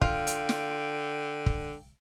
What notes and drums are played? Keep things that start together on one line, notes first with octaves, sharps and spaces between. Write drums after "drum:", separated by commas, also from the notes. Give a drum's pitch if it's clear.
D3 F4 G5, drum: kick
drum: hi-hat
drum: snare
drum: kick